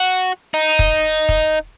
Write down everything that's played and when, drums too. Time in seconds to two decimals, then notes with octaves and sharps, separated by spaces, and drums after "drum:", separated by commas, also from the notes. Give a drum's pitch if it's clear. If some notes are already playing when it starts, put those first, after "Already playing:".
Already playing: F#4
0.54 D#4
0.79 drum: kick
1.29 drum: kick